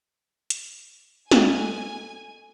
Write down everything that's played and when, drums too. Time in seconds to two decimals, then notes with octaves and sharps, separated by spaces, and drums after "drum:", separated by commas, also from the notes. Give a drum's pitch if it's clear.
0.50 drum: hi-hat
1.31 A4 D#5 G5 G#5, drum: snare